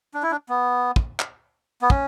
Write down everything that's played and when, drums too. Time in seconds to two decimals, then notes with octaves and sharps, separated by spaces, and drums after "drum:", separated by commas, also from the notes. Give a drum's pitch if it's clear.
0.14 D4
0.23 E4
0.31 D4
0.49 B3
0.96 drum: kick
1.20 drum: clap
1.82 B3
1.90 C#4, drum: kick